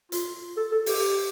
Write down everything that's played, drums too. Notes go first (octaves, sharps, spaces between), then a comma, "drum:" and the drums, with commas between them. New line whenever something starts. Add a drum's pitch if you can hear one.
F4, drum: hi-hat
A4
A4
G4, drum: open hi-hat